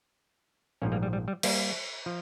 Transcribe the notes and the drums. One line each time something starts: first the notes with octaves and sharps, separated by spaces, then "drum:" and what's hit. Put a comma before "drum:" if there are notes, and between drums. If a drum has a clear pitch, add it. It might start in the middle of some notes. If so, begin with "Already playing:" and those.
A#1 G#2 F3 A#3 C#4
G3 A#3
G3
G3
G3
G3 A#3, drum: cymbal
F3